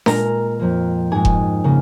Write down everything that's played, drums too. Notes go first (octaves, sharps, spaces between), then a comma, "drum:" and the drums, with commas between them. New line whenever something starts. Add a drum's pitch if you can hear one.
A#2 G#3 A#4 A#5, drum: snare D4
F2 F3 A#3
G#2 G#3 G#4 G#5
drum: kick F1
C#3 A#3